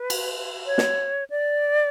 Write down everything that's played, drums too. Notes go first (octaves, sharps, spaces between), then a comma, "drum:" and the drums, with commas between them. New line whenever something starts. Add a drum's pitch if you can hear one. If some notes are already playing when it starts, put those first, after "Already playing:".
Already playing: B4
drum: cymbal
C#5
drum: snare
D5